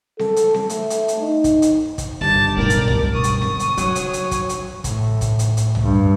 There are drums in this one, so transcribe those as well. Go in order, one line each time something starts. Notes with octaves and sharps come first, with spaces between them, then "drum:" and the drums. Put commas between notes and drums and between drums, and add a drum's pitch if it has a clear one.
A4, drum: snare C4
drum: hi-hat
drum: snare C4
A3, drum: hi-hat
drum: hi-hat
drum: hi-hat
D#4
drum: kick, hi-hat
drum: hi-hat
drum: kick, hi-hat
G1 G4 A5
drum: kick
B1 A2 A#4 D5
drum: hi-hat
drum: tom
B2 C#6 D#6
drum: hi-hat
drum: snare C4
drum: hi-hat
C#3 F#3 C#5, drum: hi-hat
drum: hi-hat
drum: hi-hat
drum: kick, hi-hat
drum: hi-hat
A2, drum: kick, hi-hat
drum: kick, hi-hat
drum: hi-hat
drum: hi-hat
drum: tom
G2